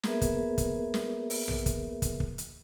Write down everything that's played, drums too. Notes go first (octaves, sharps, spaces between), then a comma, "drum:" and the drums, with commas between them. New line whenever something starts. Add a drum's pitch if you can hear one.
A#3 B3 G#4 A#4 B4 E5, drum: snare
drum: kick, hi-hat
drum: kick, hi-hat
drum: snare
drum: open hi-hat
drum: tom A#1
drum: kick, hi-hat
drum: kick, hi-hat
drum: kick
drum: hi-hat